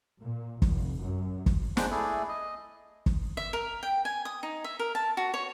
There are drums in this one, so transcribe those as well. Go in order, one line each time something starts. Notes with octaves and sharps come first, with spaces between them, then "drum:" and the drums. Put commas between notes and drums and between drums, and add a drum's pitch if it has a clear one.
A#2
F1, drum: kick
F#2
drum: kick
G#3 D4 C5 F#5 A#5, drum: snare
A3 E4 G#4 A4 D5
D#5
drum: kick
E5
A#4
G5
G#5
D#6
D#4
E5
A#4
A5
F#4
C#5